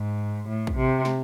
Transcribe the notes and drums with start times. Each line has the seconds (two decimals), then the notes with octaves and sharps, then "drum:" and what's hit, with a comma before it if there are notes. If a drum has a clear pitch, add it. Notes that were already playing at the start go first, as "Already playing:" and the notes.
Already playing: G#2
0.48 A2
0.67 drum: kick
0.76 C3
1.05 drum: snare